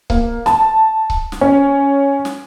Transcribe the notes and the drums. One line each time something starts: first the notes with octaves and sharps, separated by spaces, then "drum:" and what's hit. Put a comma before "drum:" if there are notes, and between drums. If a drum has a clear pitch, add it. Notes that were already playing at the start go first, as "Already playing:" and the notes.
A#3, drum: kick C#1
A5, drum: snare
drum: kick C#1
drum: snare
C#4
drum: snare